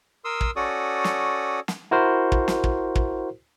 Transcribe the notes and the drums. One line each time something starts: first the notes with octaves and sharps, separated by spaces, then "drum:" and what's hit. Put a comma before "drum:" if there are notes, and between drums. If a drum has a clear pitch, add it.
A#4 C6 D#6 E6
drum: kick
C#4 F#4 A4 D5 C#6 D#6
drum: snare
drum: snare
E4 F#4 A#4 C5
drum: kick
drum: snare
drum: kick
drum: kick